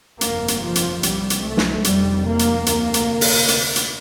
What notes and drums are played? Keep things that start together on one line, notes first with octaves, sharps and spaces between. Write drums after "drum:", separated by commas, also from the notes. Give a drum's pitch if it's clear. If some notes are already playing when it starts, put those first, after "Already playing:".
G1 F2 C3 A#3, drum: hi-hat
drum: hi-hat
F3
drum: hi-hat
C2 C3 G3, drum: hi-hat
drum: hi-hat
A3
drum: snare
F1 F2 C3 G3, drum: hi-hat
A#3
drum: hi-hat
D2 C3 A#3, drum: hi-hat
drum: hi-hat
drum: open hi-hat
drum: hi-hat
drum: hi-hat